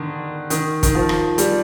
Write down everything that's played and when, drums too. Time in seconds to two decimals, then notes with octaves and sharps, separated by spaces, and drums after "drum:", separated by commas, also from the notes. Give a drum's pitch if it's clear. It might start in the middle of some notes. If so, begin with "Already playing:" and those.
Already playing: D3 D#3
0.50 D#3, drum: hi-hat
0.83 D#3, drum: kick, hi-hat
0.95 F3
1.09 drum: rim click
1.38 G3, drum: hi-hat